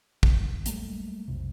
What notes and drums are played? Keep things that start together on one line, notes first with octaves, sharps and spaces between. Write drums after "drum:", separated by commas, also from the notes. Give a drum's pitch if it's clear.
A#1 D#2, drum: kick
F#3 G3 A3 A#3, drum: hi-hat
B1 F2 C3